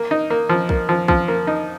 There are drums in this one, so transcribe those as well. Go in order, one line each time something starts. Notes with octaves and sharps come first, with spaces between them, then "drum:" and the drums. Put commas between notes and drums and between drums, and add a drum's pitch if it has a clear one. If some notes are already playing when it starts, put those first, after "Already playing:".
Already playing: A#3
D#4
A#3
F3
A#3, drum: kick
F3
F3, drum: kick
A#3
D#4